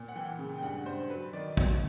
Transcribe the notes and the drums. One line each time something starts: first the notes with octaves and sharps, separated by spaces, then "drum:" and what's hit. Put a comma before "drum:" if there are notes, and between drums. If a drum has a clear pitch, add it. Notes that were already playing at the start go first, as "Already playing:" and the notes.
Already playing: A#2
F#5
E3 G5
C#3
G5
G2 F#5
G2 C5
F#3 B4
D#3 D5
B2 C#5, drum: kick